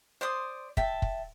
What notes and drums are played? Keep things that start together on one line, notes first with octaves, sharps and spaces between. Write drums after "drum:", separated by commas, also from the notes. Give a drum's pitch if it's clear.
C5 D5 C6 D#6
E5 G5 A5, drum: kick
drum: kick